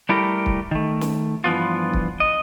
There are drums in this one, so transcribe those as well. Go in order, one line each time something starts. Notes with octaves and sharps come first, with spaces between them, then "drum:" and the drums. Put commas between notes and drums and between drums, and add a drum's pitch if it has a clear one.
G3 A3 E4 G4 A4 A#4
drum: kick C#1
D#3 A3
drum: snare
G2 E3 F3 B3 F4
drum: kick C#1
D#5